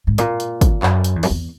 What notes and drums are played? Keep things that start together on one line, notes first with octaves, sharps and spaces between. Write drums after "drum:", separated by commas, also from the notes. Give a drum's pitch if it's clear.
G#2
A#2, drum: hi-hat
drum: hi-hat
drum: kick, hi-hat
F#2, drum: clap
drum: hi-hat
E2
F#2, drum: open hi-hat
E2